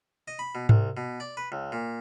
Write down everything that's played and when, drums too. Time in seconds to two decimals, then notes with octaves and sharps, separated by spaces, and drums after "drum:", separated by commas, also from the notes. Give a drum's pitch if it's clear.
0.28 D#5
0.39 B5
0.55 B2
0.69 C2, drum: tom G#2
0.97 B2
1.20 D5
1.37 B4
1.52 C#2
1.72 A#2